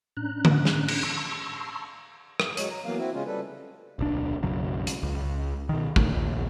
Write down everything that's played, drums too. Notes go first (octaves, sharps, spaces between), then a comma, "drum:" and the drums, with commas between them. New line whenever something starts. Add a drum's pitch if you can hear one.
A2 C#4 D4 A#5 F#6
drum: tom D3
drum: snare
drum: cymbal
A5 A#5 C6 C#6 E6
drum: rim click
F#3 G#3 C#5, drum: hi-hat
A#5
E3 F#3 A#3 B3 F5
C4 E4 F#4
C#3 G#3 C#4 F4
G3 A4 B4
D1 B1 D4
B1 F#2 C#3 F#3
drum: hi-hat
C#2
B2 D#3
A#2 D3 D#3 A3, drum: kick
A#1 D#2